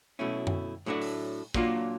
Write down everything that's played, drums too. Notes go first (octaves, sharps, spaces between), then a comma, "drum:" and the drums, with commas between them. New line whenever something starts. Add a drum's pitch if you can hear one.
B2 F#3 A3 C#4 E4
drum: tom F#2
A2 F#3 A3 D4 F#4
drum: open hi-hat
A#2 F#3 A#3 D4 F4, drum: kick